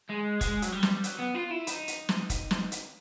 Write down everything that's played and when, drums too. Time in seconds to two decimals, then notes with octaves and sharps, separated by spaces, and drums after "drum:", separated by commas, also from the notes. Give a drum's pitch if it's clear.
0.09 G#3
0.41 G#3, drum: kick, hi-hat
0.62 F#3, drum: hi-hat
0.72 G3
0.83 drum: snare
1.04 F#3, drum: hi-hat
1.19 B3
1.35 F4
1.51 E4
1.67 D#4, drum: hi-hat
1.88 drum: hi-hat
2.09 drum: snare
2.30 drum: kick, hi-hat
2.51 drum: snare
2.72 drum: hi-hat